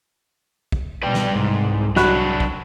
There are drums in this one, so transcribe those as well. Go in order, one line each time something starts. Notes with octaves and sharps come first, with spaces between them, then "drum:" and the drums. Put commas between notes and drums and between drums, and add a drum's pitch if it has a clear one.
drum: kick
B2 G3 B4 D5 G5
drum: snare
C2 G#2
F#3 D4 F#4 B5 F#6, drum: snare
drum: kick